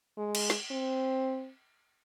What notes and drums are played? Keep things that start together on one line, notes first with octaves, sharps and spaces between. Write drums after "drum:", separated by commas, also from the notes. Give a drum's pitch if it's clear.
G#3
drum: cymbal
drum: snare
C4